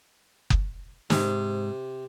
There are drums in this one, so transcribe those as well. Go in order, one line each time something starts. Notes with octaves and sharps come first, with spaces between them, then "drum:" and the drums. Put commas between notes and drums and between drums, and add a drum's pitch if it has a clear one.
drum: kick F#1
G#2 C3, drum: snare